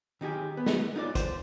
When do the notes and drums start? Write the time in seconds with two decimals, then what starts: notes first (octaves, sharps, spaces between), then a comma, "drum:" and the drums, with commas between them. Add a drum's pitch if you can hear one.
0.21 D#3 D#4 G4 G#4
0.57 B3
0.66 drum: snare
0.96 D#4 F4 D5
1.15 C5, drum: kick, hi-hat